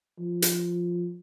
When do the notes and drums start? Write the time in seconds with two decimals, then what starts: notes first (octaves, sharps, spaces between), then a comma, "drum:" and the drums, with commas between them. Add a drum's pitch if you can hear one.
0.18 F3
0.42 drum: hi-hat